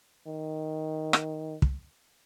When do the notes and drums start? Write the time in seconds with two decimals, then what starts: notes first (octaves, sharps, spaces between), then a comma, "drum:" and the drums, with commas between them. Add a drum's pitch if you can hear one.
0.27 D#3
1.13 drum: rim click
1.62 drum: kick